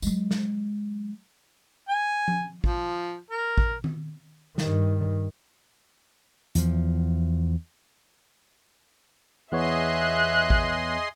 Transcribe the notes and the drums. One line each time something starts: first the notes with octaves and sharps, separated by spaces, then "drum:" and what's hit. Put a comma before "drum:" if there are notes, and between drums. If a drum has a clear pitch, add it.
F#3 G#3, drum: tambourine
drum: snare
G#5
drum: tom F3
F3, drum: kick A1
A#4
drum: kick A1
drum: tom D#3
G2 D#3, drum: snare
E2 F3, drum: hi-hat
E2 B3 G#4 C#5 D#5 E5 C6 F#6
drum: kick A1